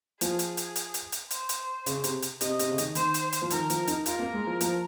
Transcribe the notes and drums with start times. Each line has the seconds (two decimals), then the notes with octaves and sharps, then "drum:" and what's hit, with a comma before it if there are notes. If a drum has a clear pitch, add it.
0.21 F3 G#4, drum: hi-hat
0.39 drum: hi-hat
0.57 drum: hi-hat
0.76 drum: hi-hat
0.94 drum: hi-hat
1.12 drum: hi-hat
1.31 C5, drum: hi-hat
1.49 drum: hi-hat
1.86 C#3, drum: hi-hat
2.04 C3, drum: hi-hat
2.23 drum: hi-hat
2.41 C3 D#5, drum: hi-hat
2.59 C3, drum: hi-hat
2.71 C#3
2.78 D#3, drum: hi-hat
2.95 D#3 C5, drum: hi-hat
3.14 drum: hi-hat
3.33 drum: hi-hat
3.42 F3
3.51 D#3 A#4, drum: hi-hat
3.70 F3, drum: hi-hat
3.88 D#4, drum: hi-hat
4.06 F4 A#4, drum: hi-hat
4.19 A#3
4.34 G#3
4.47 F3
4.61 F3, drum: hi-hat